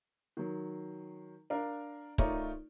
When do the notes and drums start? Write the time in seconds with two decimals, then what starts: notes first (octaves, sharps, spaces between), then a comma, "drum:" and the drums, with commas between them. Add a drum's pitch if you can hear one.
0.37 D#3 F#3
1.50 D4 A#4 F5
2.18 A3 D#4 F4 A#4 C#5 D5, drum: kick